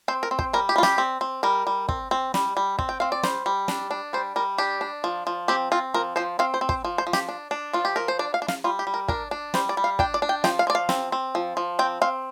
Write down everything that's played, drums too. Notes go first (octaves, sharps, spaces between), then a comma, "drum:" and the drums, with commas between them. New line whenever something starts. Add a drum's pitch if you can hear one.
C4 C5
A#4
C4
C5, drum: kick
G3 A#4
G4
G3 F4
G4, drum: snare
C4
C4
G3 A#4
G3
C4, drum: kick
C4
G3, drum: snare
G3
C4, drum: kick
G5
C4 F5
D5
G3 C5, drum: snare
G3
D4, drum: snare
D4
G3 C5
G3 A#4
D4 G4
D4
F3
F3
C4 G4
C4 F4
F3 A#4
F3 C5
C4 F5
C5
C4
C5, drum: kick
F3
C5
F3
G4, drum: snare
D4
D4
F3 F4
G4
F3 A#4
C5
D4 D5
F5
D4
F5, drum: snare
G3 F4
G4
G3
A#4
D4 A#4, drum: kick
D4
G3 C5, drum: snare
D5
G3
F5
D4 G5, drum: kick
D5
D4
G5
F3 G5, drum: snare
F5
F3 D5
F5
C4, drum: snare
C4
F3
F3
C4 G5
C4 F5